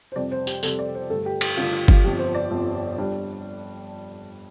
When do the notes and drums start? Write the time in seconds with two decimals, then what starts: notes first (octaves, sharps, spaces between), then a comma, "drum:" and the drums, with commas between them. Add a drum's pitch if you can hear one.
0.12 C5
0.16 F2 C3 G3 D5
0.32 C5
0.47 G4, drum: tambourine
0.63 F2 C3 G3 A4, drum: tambourine
0.79 D5
0.95 C5
1.10 G2 D3 A3 A4
1.26 G4
1.41 G4, drum: cymbal
1.57 G2 D3 A3 F4
1.73 F4
1.88 F4, drum: kick G1
2.04 G1 F2 F3 G4
2.19 C5
2.35 D5
2.51 G1 F2 F3
2.98 G3 D4